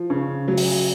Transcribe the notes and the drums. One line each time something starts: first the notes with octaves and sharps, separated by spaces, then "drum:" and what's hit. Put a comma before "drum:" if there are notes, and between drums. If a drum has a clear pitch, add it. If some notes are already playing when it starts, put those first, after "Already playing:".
Already playing: F3
C#3
F#3
drum: open hi-hat